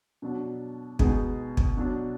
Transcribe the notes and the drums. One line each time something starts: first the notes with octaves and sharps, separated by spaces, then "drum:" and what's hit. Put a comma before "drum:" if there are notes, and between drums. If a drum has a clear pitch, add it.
B2 F#3 D4
B2 G#3 B3 D#4 G#4, drum: kick
drum: kick
B2 F#3 D4